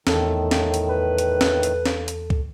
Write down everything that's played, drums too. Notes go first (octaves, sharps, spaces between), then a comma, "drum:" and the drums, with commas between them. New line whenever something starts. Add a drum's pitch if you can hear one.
E2 A2 D#3 A4, drum: snare
drum: snare
drum: hi-hat
B4
drum: hi-hat
drum: snare
drum: hi-hat
drum: snare
drum: hi-hat
drum: kick C#2